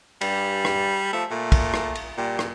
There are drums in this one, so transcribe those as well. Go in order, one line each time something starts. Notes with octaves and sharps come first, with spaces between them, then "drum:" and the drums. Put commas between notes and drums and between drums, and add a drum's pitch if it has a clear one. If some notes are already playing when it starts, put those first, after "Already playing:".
G2 G3, drum: cymbal
drum: rim click
F3 A3
A#2 A3
drum: kick, cymbal
drum: rim click
drum: cymbal
A#2 G3
drum: rim click